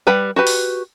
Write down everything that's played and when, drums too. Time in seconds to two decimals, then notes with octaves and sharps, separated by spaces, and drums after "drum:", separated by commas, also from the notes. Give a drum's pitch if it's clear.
0.07 G3 B4 F#5 G5 B5
0.36 F#4 G4 B4
0.47 drum: open hi-hat